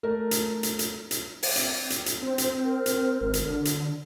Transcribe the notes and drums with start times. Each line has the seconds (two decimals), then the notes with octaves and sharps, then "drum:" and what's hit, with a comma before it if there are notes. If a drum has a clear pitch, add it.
0.03 A3 A#4
0.31 drum: hi-hat
0.63 drum: hi-hat
0.79 drum: hi-hat
1.11 drum: hi-hat
1.43 drum: open hi-hat
1.56 C4, drum: hi-hat
1.90 drum: hi-hat
2.06 drum: hi-hat
2.22 C4 C5
2.38 drum: hi-hat
2.65 A#4
2.86 drum: hi-hat
3.21 G#1
3.34 drum: hi-hat
3.46 D3
3.65 drum: hi-hat